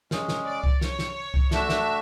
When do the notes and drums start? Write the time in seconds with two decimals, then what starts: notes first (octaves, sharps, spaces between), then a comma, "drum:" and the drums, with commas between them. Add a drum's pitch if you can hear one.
0.11 G#3 C#4 G#4, drum: snare
0.28 drum: snare
0.46 D5
0.64 drum: kick C2
0.81 C#5, drum: snare
0.99 drum: snare
1.34 drum: kick C2
1.51 A3 D4 F#4 E5, drum: snare
1.69 drum: snare